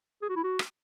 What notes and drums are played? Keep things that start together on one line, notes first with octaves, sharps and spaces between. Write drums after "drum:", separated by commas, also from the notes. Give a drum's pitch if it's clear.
G#4
F#4
E4
F#4
drum: rim click